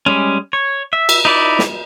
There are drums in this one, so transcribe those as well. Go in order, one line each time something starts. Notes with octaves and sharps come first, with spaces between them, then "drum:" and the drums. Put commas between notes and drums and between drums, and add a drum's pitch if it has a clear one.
G3 G#3 C#4
C#5
E5
drum: cymbal
D#4 E4 D5
drum: snare